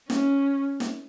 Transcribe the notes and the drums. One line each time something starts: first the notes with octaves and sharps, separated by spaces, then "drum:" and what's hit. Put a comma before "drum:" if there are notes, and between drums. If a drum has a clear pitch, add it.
C#4, drum: snare
drum: snare